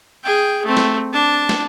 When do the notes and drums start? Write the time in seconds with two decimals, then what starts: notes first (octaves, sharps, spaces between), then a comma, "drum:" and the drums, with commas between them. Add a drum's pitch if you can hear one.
0.24 G#4 G5
0.65 A3 C4
0.77 drum: snare
1.13 D4 A5
1.49 drum: snare